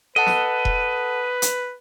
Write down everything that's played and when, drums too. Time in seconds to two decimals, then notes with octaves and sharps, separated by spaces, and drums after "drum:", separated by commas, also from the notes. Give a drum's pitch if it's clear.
0.16 A4 B4 D#5 F#5 A5
0.27 drum: snare
0.65 drum: kick E1
1.42 drum: hi-hat